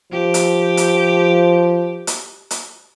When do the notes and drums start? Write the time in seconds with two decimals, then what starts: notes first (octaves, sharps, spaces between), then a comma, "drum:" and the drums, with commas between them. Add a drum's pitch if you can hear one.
0.12 F3 G4
0.34 drum: hi-hat
0.77 drum: hi-hat
2.07 drum: hi-hat
2.51 drum: hi-hat